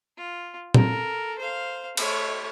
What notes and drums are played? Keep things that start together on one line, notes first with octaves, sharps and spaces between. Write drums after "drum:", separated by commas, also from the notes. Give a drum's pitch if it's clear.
F4
A4 A#4, drum: tom
C5 F5
A3 C#5, drum: cymbal